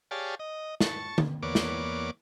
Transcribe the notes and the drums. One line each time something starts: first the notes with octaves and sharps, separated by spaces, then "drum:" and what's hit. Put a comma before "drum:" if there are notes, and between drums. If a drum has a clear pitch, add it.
G4 G#4 C#5 D5 F5 A5
D#5
A5 C#6, drum: snare
drum: tom D3
E2 A#3 B3 C#5 D5 D6
drum: snare